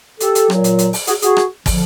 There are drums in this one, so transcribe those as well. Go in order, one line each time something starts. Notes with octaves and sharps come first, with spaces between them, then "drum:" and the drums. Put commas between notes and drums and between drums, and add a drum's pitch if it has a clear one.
G4 A4, drum: hi-hat
drum: hi-hat
A#2 F#3, drum: rim click
drum: hi-hat
drum: hi-hat
drum: open hi-hat
F#4 G#4, drum: hi-hat
F#4 G#4, drum: hi-hat
drum: rim click
D3 F3, drum: kick, open hi-hat